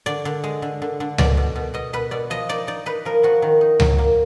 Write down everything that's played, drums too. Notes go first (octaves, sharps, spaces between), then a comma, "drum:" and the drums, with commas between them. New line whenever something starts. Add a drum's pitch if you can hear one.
D3 D5
D3
G#3
D3
D3
D3
B2 D5, drum: tom C#2
B2
B2
B2 D#5
B2 B4
B2 D5
F3 D#5
D#4 D5
D#4 D5
D#4 B4
F3 A#4
F3 F#4
D#3
D#4
F#3, drum: tom C#2
A#3